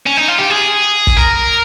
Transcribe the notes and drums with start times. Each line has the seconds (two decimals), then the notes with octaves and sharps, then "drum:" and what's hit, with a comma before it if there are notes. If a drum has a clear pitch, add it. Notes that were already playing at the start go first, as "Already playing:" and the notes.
0.06 C#4
0.17 D#4
0.28 F4
0.39 G4
0.50 G#4
1.07 drum: kick
1.17 A#4